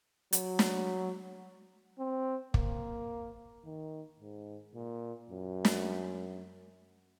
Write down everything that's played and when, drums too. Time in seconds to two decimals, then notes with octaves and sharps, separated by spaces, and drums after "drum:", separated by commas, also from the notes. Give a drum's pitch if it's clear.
0.33 F#3, drum: hi-hat
0.59 drum: snare
1.99 C4
2.54 A#3, drum: kick
3.65 D#3
4.20 G#2
4.75 A#2
5.30 F#2
5.65 drum: snare